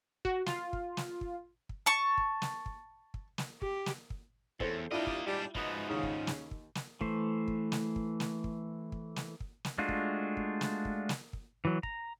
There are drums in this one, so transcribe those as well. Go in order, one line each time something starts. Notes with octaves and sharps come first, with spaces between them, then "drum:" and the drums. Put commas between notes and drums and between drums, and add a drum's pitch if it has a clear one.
F#4, drum: kick
F4, drum: snare
drum: kick
drum: snare
drum: kick
drum: kick
A5 C#6
drum: kick
drum: snare
drum: kick
drum: kick
drum: snare
G4, drum: kick
drum: snare
drum: kick
E2 A2 A4 C5, drum: kick
G3 A#3 D4 E4 F4 D#5
drum: kick
G#2 G3 D4
G#2 F3 F#3 B4 D#5, drum: kick
D#2 C#3 D#6
drum: kick
drum: snare
drum: kick
drum: snare
E3 A3 C5, drum: kick
drum: kick
drum: snare
drum: kick
drum: snare
drum: kick
drum: kick
drum: snare
drum: kick
drum: snare
G#3 A3 D4 F4 F#4
drum: kick
drum: kick
drum: snare
drum: kick
drum: snare
drum: kick
E3 F#3
A#5, drum: kick